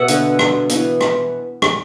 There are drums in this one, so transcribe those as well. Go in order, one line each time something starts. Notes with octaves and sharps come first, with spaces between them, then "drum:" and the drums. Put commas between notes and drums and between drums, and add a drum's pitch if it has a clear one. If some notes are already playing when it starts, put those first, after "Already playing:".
Already playing: B2 E5 F#5
D3 B3, drum: hi-hat
drum: rim click
E3 B3, drum: hi-hat
drum: rim click
drum: rim click